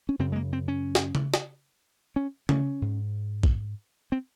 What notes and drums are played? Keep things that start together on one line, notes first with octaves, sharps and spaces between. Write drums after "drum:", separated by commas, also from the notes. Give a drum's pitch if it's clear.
C#4
F#2 C#3 C4
G#3
A#3
C4
C#4
drum: snare
drum: tom C#3
drum: snare
C#4
C#4, drum: tom C#3
G#2
drum: kick A#1
C4